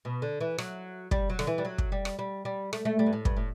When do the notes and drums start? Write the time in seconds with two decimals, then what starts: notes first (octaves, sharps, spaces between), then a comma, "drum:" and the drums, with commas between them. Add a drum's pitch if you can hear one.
0.05 B2
0.22 D3
0.41 E3
0.58 F#3, drum: rim click
1.11 G3, drum: kick
1.30 F#3
1.39 D3, drum: rim click
1.47 E3
1.58 G3
1.65 F#3
1.78 drum: kick
1.92 G3
2.05 drum: rim click
2.19 G3
2.45 G3
2.73 A3, drum: rim click
2.85 A3
2.99 G3
3.06 G2
3.13 A2
3.25 G2, drum: kick
3.37 A2